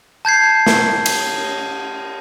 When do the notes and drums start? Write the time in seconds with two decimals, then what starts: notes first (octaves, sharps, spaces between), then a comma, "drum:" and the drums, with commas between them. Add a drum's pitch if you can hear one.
0.25 A5 G6 G#6 C7
0.67 drum: snare
1.06 drum: cymbal